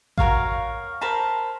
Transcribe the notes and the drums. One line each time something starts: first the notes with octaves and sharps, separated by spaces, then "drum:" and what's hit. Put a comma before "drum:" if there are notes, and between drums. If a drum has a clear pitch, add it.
F#4 A#4 C#5 F5, drum: kick A1
A#4 C5 A5 B5